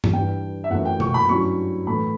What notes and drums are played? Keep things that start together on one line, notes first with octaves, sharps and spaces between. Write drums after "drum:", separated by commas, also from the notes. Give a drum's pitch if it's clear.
drum: tom G2
G2 E3 G3 D4 G5
E5
F#2 E3 A3 C#4 F#5
G5
C#6, drum: tom B2
B5
G2 F#3 C#4 E4 C#6
A2 E3 A3 B5